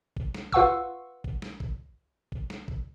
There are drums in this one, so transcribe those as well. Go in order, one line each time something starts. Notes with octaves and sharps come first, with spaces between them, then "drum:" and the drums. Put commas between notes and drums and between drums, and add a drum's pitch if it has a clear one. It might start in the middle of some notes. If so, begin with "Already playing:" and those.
drum: kick A1
drum: snare
F4 B4 F5 F#5 C#6 E6, drum: kick A1
drum: kick A1
drum: snare
drum: kick A1
drum: kick A1
drum: snare
drum: kick A1